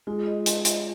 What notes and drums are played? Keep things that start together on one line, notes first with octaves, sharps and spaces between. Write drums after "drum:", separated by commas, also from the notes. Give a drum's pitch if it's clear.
G#3 F4
D#5
D#5, drum: hi-hat
D#5, drum: hi-hat